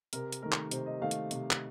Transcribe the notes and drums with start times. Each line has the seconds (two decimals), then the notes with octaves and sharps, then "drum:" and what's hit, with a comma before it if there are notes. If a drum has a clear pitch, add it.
0.13 C3 A#4, drum: hi-hat
0.33 drum: hi-hat
0.42 D#3 A3 A#4
0.52 drum: clap
0.71 C3 C5, drum: hi-hat
0.86 D#5
1.01 D#3 A3 F5
1.11 drum: hi-hat
1.31 C3, drum: hi-hat
1.51 drum: clap